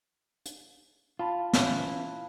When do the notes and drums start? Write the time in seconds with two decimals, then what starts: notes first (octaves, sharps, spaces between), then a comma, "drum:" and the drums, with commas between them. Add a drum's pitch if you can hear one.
0.46 drum: hi-hat
1.19 F4 F5 A5 B5
1.53 E3 C#4, drum: snare